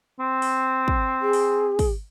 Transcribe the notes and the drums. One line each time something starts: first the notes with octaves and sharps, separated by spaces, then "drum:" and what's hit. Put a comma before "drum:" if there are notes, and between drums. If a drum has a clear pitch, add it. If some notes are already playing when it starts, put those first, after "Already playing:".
C4
drum: open hi-hat
drum: kick
G#4
drum: open hi-hat
drum: kick, open hi-hat